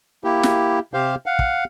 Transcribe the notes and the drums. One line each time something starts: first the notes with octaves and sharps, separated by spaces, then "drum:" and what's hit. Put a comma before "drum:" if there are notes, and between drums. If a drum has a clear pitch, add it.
A#3 E4 G4
drum: snare
C3 G4 C5 F5
F5 F#5
drum: kick